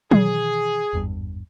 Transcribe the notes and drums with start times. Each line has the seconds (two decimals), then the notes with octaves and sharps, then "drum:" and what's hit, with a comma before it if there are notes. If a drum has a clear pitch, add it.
0.11 B2 D#3 E3 G#4, drum: tom F#3
0.93 G#1 E2 G2